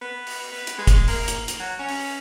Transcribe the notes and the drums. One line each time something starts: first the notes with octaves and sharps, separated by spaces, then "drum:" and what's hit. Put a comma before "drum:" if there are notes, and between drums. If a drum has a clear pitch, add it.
B3
drum: open hi-hat
B3
drum: hi-hat
G#3
drum: kick, hi-hat
A#3, drum: open hi-hat
drum: hi-hat
drum: hi-hat
F#3
C#4
drum: open hi-hat